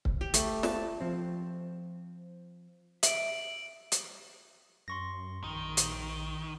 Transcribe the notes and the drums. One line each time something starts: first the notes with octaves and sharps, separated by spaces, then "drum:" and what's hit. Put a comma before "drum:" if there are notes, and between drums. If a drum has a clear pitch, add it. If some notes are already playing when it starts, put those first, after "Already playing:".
drum: kick C#1
G4
A3, drum: hi-hat
A5, drum: snare
F3 C4
E5 D7 F#7, drum: hi-hat
drum: hi-hat
F#2 C6 C#6 A#6
A#1 D#3
drum: hi-hat